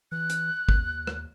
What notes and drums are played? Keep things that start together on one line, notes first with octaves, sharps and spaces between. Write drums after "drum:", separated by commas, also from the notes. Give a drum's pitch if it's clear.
E3 F#6
drum: hi-hat
D#2, drum: kick
drum: rim click